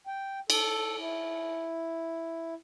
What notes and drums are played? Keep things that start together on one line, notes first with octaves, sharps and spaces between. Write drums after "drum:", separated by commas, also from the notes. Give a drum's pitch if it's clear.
G5
A4, drum: cymbal
E4